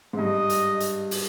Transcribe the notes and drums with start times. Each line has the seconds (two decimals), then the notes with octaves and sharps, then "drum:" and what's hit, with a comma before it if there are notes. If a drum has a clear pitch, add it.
0.13 G#2
0.19 G2 D#5
0.50 drum: hi-hat
0.80 drum: hi-hat
1.11 drum: open hi-hat